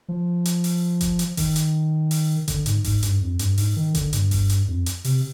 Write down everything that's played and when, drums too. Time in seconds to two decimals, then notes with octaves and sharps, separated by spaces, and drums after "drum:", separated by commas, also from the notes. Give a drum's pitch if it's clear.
0.08 F3
0.45 drum: hi-hat
0.64 drum: open hi-hat
1.01 drum: kick G1, hi-hat
1.19 drum: hi-hat
1.37 D#3, drum: kick G1, open hi-hat
1.56 drum: hi-hat
2.11 drum: open hi-hat
2.48 D3, drum: kick G1, hi-hat
2.66 G#2, drum: hi-hat
2.84 G#2, drum: kick G1, open hi-hat
3.03 G2, drum: hi-hat
3.21 F2
3.39 G2, drum: hi-hat
3.58 G#2, drum: open hi-hat
3.76 D#3
3.95 D3, drum: kick G1, hi-hat
4.13 G2, drum: hi-hat
4.31 drum: kick G1, open hi-hat
4.50 drum: hi-hat
4.68 F2
4.86 drum: hi-hat
5.04 C3, drum: open hi-hat